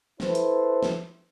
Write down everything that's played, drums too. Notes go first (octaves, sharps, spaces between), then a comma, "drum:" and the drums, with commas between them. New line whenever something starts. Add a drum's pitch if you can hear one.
E4 A4 B4 C5, drum: snare
drum: hi-hat
drum: snare